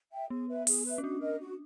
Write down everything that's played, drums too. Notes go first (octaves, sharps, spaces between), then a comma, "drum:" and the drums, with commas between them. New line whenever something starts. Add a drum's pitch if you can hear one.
E5 G5
B3 G#4
B4 E5
G#4, drum: open hi-hat
B4
E5
C#4
D4 F#4
A#4 D#5
F#4